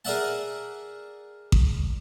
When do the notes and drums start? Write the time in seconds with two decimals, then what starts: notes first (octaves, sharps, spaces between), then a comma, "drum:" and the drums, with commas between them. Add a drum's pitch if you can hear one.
0.05 G#4 A#4 D5 E5 F#5 A5
1.52 drum: kick A1